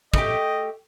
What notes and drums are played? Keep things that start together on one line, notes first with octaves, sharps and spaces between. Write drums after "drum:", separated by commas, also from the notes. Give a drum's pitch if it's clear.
A3 D#4 G4 D#5, drum: kick